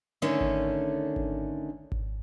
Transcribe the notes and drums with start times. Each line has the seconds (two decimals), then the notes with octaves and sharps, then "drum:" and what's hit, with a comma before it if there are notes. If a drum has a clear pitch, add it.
0.22 D3 D#3 A3 C#4 D4
0.41 drum: kick G#1
1.16 drum: kick G#1
1.92 drum: kick G#1